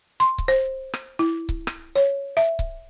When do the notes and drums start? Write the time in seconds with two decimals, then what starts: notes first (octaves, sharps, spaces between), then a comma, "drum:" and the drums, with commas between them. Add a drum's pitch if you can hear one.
0.20 C6
0.38 drum: kick C#1
0.48 C5
0.93 drum: rim click
1.19 E4
1.49 drum: kick C#1
1.67 drum: rim click
1.96 C#5
2.37 E5
2.59 drum: kick C#1